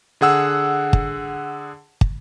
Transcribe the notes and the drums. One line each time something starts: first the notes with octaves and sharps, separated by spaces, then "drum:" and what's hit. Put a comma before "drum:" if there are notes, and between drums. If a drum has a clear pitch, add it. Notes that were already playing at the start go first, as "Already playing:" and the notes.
D3 G#4 F#5 E6
drum: kick
drum: kick